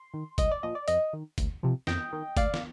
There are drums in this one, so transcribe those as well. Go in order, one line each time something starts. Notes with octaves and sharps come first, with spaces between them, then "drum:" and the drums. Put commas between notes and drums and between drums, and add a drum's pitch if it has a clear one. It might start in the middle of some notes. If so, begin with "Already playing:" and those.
Already playing: C6
D#3
C2 D#5, drum: kick, hi-hat
D5
A#2 F3 D#5
D5
F2 D#5, drum: hi-hat
D#3
D2, drum: kick, hi-hat
C3 F3
F2 D#5 G5, drum: snare
D#3
D2 D5 F5, drum: kick, hi-hat
drum: snare